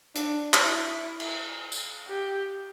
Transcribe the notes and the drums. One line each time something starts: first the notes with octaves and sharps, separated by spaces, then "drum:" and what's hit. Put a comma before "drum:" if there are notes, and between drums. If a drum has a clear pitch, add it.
D4, drum: hi-hat
drum: clap
E4
drum: cymbal
drum: tambourine
G4